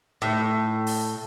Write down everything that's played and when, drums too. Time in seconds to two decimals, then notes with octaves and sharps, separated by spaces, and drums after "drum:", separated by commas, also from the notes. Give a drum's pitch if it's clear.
0.22 A2, drum: snare D#4
0.87 drum: open hi-hat